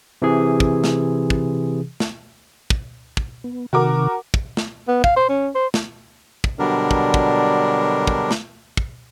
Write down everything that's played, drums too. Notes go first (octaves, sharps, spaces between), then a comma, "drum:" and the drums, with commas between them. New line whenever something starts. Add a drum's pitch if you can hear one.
C3 E3 G#4
drum: kick
drum: snare
drum: kick
drum: snare
drum: kick
drum: kick
B3
C3 D#3 F#4 A#4 D6
drum: kick
drum: snare
B3
F5, drum: kick
C5
C#4
C5
drum: snare
drum: kick
B2 D3 F#3 G3 D4 A#4
drum: kick
drum: kick
drum: kick
drum: snare
drum: kick